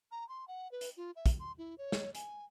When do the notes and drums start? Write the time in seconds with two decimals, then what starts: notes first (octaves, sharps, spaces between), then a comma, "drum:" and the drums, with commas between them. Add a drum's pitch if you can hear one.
0.11 A#5
0.29 C6
0.48 F#5
0.72 B4
0.81 drum: hi-hat
0.97 F4
1.16 E5
1.26 drum: kick, hi-hat
1.39 C6
1.58 E4
1.78 C#5
1.92 drum: snare
2.15 G#5, drum: hi-hat